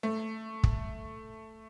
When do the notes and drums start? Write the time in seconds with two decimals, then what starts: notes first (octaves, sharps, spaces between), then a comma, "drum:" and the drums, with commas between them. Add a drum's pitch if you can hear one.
0.03 A3
0.63 drum: kick